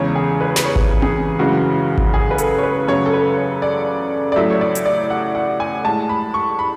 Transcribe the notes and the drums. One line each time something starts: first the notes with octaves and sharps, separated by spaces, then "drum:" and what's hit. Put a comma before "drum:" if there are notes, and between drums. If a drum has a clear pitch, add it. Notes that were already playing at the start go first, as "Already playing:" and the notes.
Already playing: E2 C#3 G#3 C#5
G#4
B4
B4, drum: snare
C#5
drum: kick G#1
G#4, drum: tom C4
F#2 C#3 E3 G#3 F#4
drum: kick G#1
G#4
B4
A4, drum: hi-hat
C#5
B4
F#2 C#3 F#3 C#5
A4
B4
C#5
D5
D5
A2 F#3 A3 E5
C#5
D5
drum: hi-hat
D5
F#5
F#5
G#5
A2 G#3 A5
B5
C#6
B5